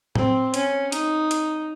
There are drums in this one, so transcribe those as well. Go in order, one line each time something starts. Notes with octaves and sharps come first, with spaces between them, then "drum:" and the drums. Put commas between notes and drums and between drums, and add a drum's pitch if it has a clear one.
C4, drum: tom A2
C#4, drum: hi-hat
D#4, drum: hi-hat
drum: hi-hat